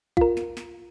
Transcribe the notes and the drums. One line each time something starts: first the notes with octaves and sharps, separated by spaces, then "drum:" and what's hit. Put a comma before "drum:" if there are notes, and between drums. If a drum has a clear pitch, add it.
F4 A#4, drum: kick
drum: snare
drum: snare